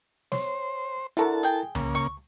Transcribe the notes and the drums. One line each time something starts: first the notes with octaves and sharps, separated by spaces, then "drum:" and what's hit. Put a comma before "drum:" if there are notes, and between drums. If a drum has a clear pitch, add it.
C5 C#5, drum: snare
D3 E4 F#4 A4 A#4 A5
G#4 G5
C#2 C#3 A#3, drum: tom C2
C#6